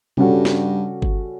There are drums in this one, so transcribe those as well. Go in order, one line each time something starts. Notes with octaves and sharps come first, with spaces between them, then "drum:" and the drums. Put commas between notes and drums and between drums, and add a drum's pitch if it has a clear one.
G2 C#3 G3 C#4 F#4 A4, drum: tom B2
drum: snare
drum: kick G1